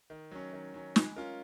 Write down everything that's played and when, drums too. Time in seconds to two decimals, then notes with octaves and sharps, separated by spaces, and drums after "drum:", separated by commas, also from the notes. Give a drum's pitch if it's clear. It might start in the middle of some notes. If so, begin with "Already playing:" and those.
0.10 D#3
0.31 F#3 C#4
0.53 D#3
0.74 F#3 C#4
0.96 G#3, drum: snare
1.16 C#4 F4 A#4